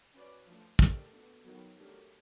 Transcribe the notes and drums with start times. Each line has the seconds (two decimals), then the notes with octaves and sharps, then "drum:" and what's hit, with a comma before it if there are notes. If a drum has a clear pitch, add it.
0.15 C#4 F#4 B4 D5
0.47 F3 A3 D4
0.79 A3 D4 G4 A#4 D5, drum: kick
1.12 B3 D4 F#4 A4
1.44 D#3 F#3 B3
1.77 F#3 A3 D4 G4 A#4